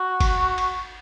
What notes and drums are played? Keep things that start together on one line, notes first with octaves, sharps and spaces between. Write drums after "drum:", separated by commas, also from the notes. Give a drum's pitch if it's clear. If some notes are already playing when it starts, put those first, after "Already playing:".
Already playing: F#4
drum: kick G1, cymbal
drum: cymbal